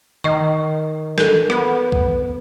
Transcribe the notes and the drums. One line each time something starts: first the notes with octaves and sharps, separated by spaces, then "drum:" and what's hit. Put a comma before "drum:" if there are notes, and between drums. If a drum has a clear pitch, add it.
D#3 D#5 C#6
A4 A#4, drum: snare
B3, drum: rim click
drum: kick